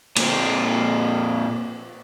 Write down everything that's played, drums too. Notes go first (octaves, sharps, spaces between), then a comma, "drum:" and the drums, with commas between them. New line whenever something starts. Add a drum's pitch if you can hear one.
A#2 C4, drum: cymbal